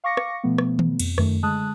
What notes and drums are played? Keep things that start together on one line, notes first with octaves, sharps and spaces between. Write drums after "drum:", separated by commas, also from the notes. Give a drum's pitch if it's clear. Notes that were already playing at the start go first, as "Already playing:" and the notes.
F5 C#6 D6 A#6 C#7
drum: rim click
B2 F3 A3 B3
drum: rim click
drum: tom D#3
F2, drum: cymbal
F#2 D#3 A3, drum: rim click
D3 G#3 A5 D#6 F#6